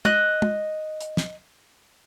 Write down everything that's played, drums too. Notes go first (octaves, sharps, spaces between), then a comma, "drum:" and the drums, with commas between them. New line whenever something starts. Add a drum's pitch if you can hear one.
D#5 F#6, drum: tom
drum: tom
drum: hi-hat
drum: snare